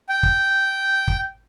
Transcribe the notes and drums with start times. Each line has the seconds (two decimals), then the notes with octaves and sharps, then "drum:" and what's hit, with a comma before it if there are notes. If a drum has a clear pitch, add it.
0.09 G5
0.23 drum: kick
1.08 drum: kick